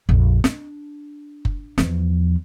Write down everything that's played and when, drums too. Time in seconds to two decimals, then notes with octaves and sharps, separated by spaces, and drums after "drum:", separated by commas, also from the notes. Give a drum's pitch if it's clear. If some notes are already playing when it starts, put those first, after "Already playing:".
0.09 A#1 F2
0.44 D4, drum: snare
1.45 drum: kick F#1
1.78 E2 F3, drum: snare